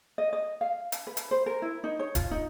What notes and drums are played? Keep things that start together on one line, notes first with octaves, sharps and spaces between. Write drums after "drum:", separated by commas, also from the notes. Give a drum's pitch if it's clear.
D#5
D#5
F5
drum: hi-hat
B4
drum: hi-hat
C5
A#4
E4
D#4
C#5
F4, drum: kick D1, hi-hat
D#4